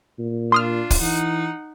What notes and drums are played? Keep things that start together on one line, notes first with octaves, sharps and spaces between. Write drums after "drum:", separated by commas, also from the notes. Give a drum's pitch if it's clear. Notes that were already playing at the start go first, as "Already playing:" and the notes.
A#2
D4 F4 C6 D#6 F6
drum: kick, open hi-hat
E3 D#4 F#5